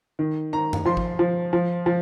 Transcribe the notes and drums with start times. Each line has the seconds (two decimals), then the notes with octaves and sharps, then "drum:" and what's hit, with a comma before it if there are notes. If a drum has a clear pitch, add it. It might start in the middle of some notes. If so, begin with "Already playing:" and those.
0.19 D#3
0.53 D#3 A#5
0.73 drum: tom F#2
0.85 F3 C6
0.97 drum: kick
1.19 F3
1.53 F3
1.86 F3